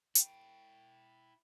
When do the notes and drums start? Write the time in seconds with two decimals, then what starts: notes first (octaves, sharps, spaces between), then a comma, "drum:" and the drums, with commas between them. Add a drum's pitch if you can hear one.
0.15 E4 G5, drum: hi-hat